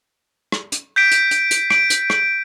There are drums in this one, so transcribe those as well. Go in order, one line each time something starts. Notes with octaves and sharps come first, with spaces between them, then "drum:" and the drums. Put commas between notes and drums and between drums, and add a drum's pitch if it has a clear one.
drum: rim click
drum: hi-hat
G6 B6 D7
drum: hi-hat
drum: hi-hat
drum: hi-hat
D7, drum: rim click
drum: hi-hat
drum: rim click